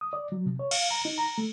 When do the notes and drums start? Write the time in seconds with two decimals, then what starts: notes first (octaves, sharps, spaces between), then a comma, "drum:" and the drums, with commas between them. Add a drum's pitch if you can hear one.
0.01 D#6
0.13 D5
0.32 F#3
0.46 C3
0.59 C#5
0.71 F5, drum: cymbal
0.91 A#5
1.05 D#4
1.18 A#5
1.38 A3